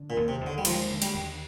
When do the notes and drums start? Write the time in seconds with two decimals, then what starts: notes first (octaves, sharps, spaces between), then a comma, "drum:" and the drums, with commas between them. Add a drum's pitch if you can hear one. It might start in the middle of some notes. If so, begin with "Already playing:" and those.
Already playing: D3
0.10 A#2
0.17 D#2
0.28 C3
0.41 D#2
0.47 D3
0.58 G3
0.65 F3 G#3, drum: cymbal
0.90 D3
1.02 G3, drum: cymbal
1.14 D#2